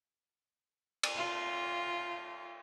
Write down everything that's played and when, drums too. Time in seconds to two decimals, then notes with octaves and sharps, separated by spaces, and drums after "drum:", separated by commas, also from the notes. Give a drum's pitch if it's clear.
1.03 drum: cymbal
1.16 F4